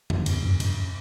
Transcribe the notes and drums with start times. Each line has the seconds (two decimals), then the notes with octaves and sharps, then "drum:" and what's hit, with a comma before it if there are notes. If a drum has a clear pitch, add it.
0.10 F#2, drum: tom F#2
0.26 E2, drum: cymbal
0.43 F#2
0.60 F#2, drum: cymbal